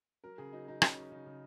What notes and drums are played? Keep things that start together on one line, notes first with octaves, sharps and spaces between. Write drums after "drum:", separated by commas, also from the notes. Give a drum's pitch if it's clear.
F#3 A#4
C#3 G#4
F#3 D#4
F#3 D#4
C#3 C#4, drum: rim click
F#3
C#3 D#4
C#3